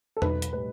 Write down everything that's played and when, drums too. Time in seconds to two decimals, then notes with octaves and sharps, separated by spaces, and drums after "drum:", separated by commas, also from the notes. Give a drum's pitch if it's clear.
0.17 A4
0.22 B1 B4, drum: tom E2
0.42 drum: hi-hat
0.52 A2 G3 B4